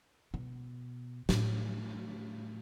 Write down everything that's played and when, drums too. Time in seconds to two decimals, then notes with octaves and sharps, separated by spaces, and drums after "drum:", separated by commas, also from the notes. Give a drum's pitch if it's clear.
0.34 B2
1.29 A2, drum: snare